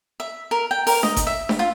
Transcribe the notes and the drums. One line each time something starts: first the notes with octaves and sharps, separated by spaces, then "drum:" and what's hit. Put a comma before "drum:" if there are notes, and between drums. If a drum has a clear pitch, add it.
E5
A#4
G5
A#4, drum: open hi-hat
D#5, drum: snare D4
drum: kick G1, hi-hat
E5
drum: snare D4
F4